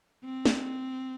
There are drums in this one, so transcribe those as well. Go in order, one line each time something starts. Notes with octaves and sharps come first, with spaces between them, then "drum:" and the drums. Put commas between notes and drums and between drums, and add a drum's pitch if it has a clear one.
C4
drum: snare